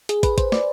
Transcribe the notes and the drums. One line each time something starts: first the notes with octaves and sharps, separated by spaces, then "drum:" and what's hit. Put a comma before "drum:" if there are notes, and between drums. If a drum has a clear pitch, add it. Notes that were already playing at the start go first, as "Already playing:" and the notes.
G#4, drum: hi-hat
B4, drum: kick, hi-hat
C5, drum: kick, hi-hat
D5, drum: snare